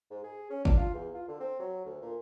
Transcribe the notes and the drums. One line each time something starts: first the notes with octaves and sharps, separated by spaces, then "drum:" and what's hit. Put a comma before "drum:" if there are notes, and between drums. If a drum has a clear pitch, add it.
G#2
G#4
C#4
D4, drum: kick
F4
E2
F4
D3
C4
F#3
D2
A#2